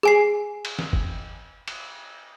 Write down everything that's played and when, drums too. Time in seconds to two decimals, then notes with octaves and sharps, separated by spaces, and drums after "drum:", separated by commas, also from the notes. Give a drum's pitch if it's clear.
0.03 G#4 G#5 C7
0.65 drum: cymbal
0.79 drum: snare E3
0.93 drum: kick
1.68 drum: cymbal